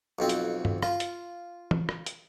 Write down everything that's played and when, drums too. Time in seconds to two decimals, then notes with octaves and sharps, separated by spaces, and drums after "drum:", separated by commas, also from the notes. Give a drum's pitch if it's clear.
0.19 B1 F2 C4
0.29 drum: hi-hat
0.65 drum: tom G2
0.83 F4, drum: rim click
1.00 drum: hi-hat
1.71 drum: tom
1.89 drum: rim click
2.06 drum: hi-hat